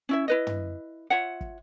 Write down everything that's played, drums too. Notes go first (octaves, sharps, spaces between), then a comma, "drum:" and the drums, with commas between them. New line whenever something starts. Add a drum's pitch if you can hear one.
C#4 E4 E5
E4 B4 D#5
drum: tom
F4 C#5 E5 F#5
drum: kick